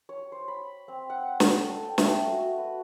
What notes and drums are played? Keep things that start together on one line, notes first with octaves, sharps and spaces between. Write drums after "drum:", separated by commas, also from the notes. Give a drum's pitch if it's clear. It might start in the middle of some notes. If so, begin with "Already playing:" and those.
C#5
C5
B5
C4
F#5
drum: snare
A4
G5
A3, drum: snare
F#4
B4